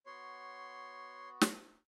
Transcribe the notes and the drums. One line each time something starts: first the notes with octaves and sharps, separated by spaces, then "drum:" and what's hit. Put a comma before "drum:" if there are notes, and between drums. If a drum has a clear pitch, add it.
B3 F#4 C#5 C6
drum: snare